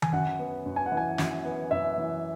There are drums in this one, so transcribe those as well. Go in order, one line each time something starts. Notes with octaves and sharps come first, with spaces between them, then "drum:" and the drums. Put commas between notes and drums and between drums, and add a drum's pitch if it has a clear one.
G#5, drum: tom D#3
F#2 F#5
B3
F#2
G#5
F#5
E3
G#5
F#2, drum: snare
B3
F#2 E5
E3